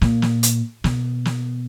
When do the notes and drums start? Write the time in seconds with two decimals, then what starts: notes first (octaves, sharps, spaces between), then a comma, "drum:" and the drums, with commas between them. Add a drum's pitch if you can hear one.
0.01 A#2, drum: snare
0.22 drum: snare
0.43 drum: hi-hat
0.84 B2, drum: snare
1.25 drum: snare